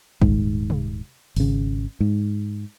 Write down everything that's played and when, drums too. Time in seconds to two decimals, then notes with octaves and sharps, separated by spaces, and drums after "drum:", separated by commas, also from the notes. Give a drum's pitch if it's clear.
0.22 D#1 G#2, drum: kick
0.70 drum: tom C3
1.36 G#1 C#3, drum: open hi-hat
2.00 G#2